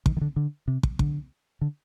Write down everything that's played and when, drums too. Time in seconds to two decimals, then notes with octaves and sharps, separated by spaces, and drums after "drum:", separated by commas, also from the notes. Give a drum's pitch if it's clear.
0.06 D#3, drum: kick
0.17 D#3
0.21 D3
0.36 D3
0.68 C3
0.83 drum: kick
0.99 D3, drum: kick
1.61 D3